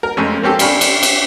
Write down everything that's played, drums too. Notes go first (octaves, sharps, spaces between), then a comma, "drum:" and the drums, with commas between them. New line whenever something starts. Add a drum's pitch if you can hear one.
A#4
F2 G#3 A3 C4 C#4
A#3 C4 C#4 G4 A4
D4 G4 F5 G#5 B5 C#6, drum: cymbal
drum: cymbal
drum: cymbal